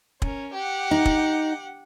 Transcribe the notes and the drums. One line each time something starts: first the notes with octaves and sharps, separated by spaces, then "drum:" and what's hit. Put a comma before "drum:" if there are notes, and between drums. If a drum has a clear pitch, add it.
C#4 A#4, drum: kick
G4 F#5
D#4
drum: kick